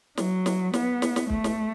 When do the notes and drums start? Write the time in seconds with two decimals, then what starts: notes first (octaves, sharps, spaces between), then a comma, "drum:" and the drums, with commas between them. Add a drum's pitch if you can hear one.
0.17 F#3, drum: snare
0.46 drum: snare
0.74 B3, drum: snare
1.02 drum: snare
1.16 drum: snare
1.30 A3, drum: kick
1.44 drum: snare